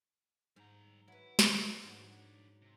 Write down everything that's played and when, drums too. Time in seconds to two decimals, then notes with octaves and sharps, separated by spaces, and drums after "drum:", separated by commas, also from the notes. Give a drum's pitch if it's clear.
0.56 G#2 G3 A#5
1.08 F#3 E4 B4
1.39 drum: snare
1.84 G#2 F#3 D4 G#4
2.62 C3